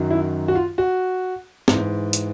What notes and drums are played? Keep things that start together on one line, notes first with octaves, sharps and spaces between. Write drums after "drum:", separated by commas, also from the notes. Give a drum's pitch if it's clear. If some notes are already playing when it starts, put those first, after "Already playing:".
Already playing: F#2 D#3 F#3
E4
F#4
F4
F#4
G#2 E3, drum: snare
drum: hi-hat